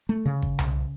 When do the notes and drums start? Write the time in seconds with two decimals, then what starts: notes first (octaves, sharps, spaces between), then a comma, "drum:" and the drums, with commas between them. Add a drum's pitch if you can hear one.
0.09 A3
0.26 C#3
0.42 drum: kick
0.59 drum: tom C2